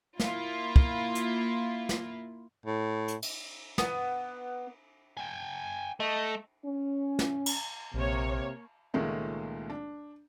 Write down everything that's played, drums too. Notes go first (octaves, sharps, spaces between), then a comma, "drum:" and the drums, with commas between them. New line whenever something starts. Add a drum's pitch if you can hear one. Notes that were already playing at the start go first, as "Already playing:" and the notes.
A#3 E4 F4, drum: snare
drum: kick
drum: hi-hat
drum: snare
A2
drum: hi-hat
drum: cymbal
B3, drum: snare
G5 G#5
A3 D#5
C#4
drum: snare
drum: cymbal
A#1 C3 A#3 C#5
C#2 A#2 D#3 G#3 A3 C#4
D4